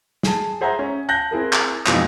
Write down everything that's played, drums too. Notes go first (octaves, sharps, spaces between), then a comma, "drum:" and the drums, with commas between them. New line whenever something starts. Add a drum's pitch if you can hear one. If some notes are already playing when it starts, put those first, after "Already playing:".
G#4 A5, drum: snare
G#4 C5 E5 F#5 A#5
C#4
A5 F#6 G6 A#6
C4 E4 G#4 A#4
drum: clap
F2 B2 E3 G#3 A#3 D#4, drum: clap